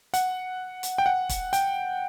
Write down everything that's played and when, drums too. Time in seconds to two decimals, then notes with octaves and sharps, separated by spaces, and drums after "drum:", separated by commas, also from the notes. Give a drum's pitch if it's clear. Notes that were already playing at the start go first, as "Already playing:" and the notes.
0.14 F#5, drum: hi-hat
0.83 drum: hi-hat
0.98 G5
1.06 F#5
1.29 drum: kick, hi-hat
1.53 G5, drum: hi-hat